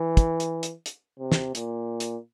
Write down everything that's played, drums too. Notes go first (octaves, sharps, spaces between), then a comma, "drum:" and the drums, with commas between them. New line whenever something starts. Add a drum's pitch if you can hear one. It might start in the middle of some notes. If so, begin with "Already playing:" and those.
Already playing: E3
drum: kick, hi-hat
drum: hi-hat
drum: hi-hat
drum: hi-hat
C3
drum: snare
A#2, drum: hi-hat
drum: hi-hat